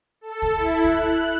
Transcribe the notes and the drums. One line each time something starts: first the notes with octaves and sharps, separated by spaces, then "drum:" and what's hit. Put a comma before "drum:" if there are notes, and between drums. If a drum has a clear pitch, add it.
A4
drum: kick
E4
F#6, drum: kick